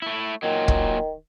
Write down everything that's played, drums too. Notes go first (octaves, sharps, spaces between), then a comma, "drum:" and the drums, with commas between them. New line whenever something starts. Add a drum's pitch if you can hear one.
A3 E4
A#2 D#3 F#3
drum: kick